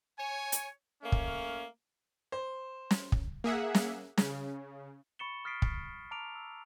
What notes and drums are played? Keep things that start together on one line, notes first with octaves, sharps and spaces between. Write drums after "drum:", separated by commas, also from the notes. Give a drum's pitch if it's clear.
C#5 G#5
drum: hi-hat
A3 A#3 C#4
drum: kick
C5
drum: snare
drum: kick
A#3 G#4 E5 F#5
drum: snare
C#3, drum: snare
B5 C#6 A6 C#7 E7 G7
D#6 F6 A6 B6 C7 D7
drum: kick
A5 A#5 D6 F6 D7 F7
E6